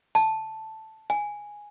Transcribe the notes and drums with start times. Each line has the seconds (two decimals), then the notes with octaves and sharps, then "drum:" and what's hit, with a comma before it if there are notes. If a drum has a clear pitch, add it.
0.15 A5, drum: open hi-hat
1.10 G#5, drum: hi-hat